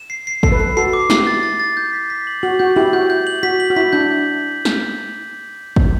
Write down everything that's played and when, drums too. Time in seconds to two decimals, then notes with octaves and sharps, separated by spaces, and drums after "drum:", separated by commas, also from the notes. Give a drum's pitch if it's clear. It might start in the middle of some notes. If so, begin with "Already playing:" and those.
Already playing: E7
0.10 C7
0.27 C7
0.43 A4 C7, drum: kick
0.52 B4
0.60 A4 C7
0.69 B4
0.77 F#4 A4 C7
0.93 D6
1.10 E4 G4 C7, drum: snare
1.27 A6
1.43 A6
1.60 A6
1.77 G6
1.93 B6
2.10 B6
2.27 F#7
2.43 F#4 F#7
2.59 F#4 G6
2.76 E4 G4 F#7
2.93 F#4 G6
3.10 G6
3.27 F#7
3.43 F#4 B6
3.60 F#7
3.70 F#4
3.76 E4 B6
3.93 D4 G6
4.65 drum: snare
5.76 drum: kick